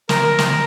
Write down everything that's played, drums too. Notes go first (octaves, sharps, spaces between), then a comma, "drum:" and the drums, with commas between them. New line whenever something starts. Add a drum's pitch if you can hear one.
A#4, drum: snare
drum: snare